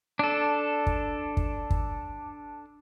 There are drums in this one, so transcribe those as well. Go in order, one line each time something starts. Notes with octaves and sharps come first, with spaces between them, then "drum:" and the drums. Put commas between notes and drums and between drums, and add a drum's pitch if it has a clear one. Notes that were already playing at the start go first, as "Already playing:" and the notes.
D4 A4
drum: kick
drum: kick
drum: kick